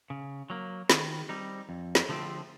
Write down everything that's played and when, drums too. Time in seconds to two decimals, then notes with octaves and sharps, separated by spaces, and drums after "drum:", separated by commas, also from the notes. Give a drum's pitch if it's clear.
0.10 C#3
0.50 F#3 A#3
0.90 D#3, drum: snare
1.29 G3 C4 D#4
1.69 F2
1.95 drum: snare
2.09 D3 F3 A3 C4